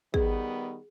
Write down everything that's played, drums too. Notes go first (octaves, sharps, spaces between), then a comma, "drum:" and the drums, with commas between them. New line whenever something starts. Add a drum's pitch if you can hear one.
D#3 G3 B3 G#4, drum: kick